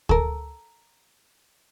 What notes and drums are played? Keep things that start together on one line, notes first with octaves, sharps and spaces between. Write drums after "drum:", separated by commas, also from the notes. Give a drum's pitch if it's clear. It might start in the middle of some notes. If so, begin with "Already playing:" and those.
A4 A#4, drum: kick D2